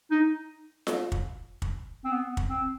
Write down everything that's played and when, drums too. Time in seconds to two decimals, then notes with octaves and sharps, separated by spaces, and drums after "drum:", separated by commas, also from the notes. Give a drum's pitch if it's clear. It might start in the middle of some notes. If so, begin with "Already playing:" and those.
0.11 D#4
0.87 drum: snare F4
1.12 drum: kick
1.62 drum: kick
2.04 C4
2.11 B3
2.37 drum: kick
2.49 C4